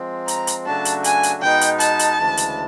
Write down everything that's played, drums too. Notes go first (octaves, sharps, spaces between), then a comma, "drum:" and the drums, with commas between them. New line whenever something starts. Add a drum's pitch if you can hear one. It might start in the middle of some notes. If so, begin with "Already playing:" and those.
Already playing: F3 G#3 C4
A#5, drum: hi-hat
drum: hi-hat
C#3 F#3 A3 D4 F#4 A5
drum: hi-hat
G#5, drum: hi-hat
drum: hi-hat
B2 G#3 B3 D#4 G5
drum: hi-hat
A5, drum: hi-hat
drum: hi-hat
D2 C#3 E3 G#3
drum: hi-hat